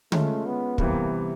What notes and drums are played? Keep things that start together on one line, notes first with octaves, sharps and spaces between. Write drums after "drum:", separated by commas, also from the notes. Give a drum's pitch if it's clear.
G#3 A3 C#4 F4, drum: tom D3
B3
C3 E3 G3 A#3 B3, drum: kick